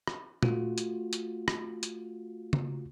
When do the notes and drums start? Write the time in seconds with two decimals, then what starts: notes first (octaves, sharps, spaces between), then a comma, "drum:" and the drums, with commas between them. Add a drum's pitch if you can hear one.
0.07 drum: rim click
0.43 A3 F4 F#4, drum: tom A#2
0.78 drum: hi-hat
1.13 drum: hi-hat
1.48 drum: rim click
1.83 drum: hi-hat
2.53 drum: tom C#3